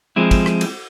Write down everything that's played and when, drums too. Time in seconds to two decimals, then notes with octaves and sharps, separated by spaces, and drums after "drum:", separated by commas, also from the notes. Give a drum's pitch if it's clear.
0.16 F3 G#3 C4 E4
0.31 drum: kick, cymbal
0.46 drum: rim click
0.61 drum: cymbal